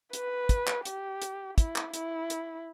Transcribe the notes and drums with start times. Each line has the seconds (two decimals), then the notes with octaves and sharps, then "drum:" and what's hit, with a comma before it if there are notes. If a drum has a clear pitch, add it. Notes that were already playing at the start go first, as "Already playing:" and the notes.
0.13 B4, drum: hi-hat
0.49 drum: kick, hi-hat
0.67 drum: clap
0.85 G4, drum: hi-hat
1.22 drum: hi-hat
1.58 E4, drum: kick, hi-hat
1.76 drum: clap
1.94 E4, drum: hi-hat
2.30 drum: hi-hat